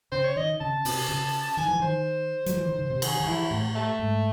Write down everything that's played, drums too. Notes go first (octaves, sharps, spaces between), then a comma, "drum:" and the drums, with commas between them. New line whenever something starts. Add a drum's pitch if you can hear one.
C#3 C5
C#5
D#3 D#5
C#3 A5
C3, drum: open hi-hat
C#3
D#3 G#5
E3
D#3 C5
F#3, drum: hi-hat
E3
D#3
C#3
C3
D#3 G#4, drum: cymbal
D#3
E3 E4
A2
A3
G#2